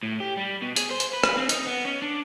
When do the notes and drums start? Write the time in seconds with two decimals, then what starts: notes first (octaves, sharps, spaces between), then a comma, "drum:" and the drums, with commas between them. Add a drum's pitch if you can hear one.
0.03 A2
0.20 G4
0.37 G3
0.62 B2
0.76 G#4, drum: hi-hat
0.91 C5
1.00 drum: hi-hat
1.13 B4
1.24 drum: rim click
1.37 C4
1.49 D#4, drum: hi-hat
1.67 B3
1.85 C#4
2.02 D4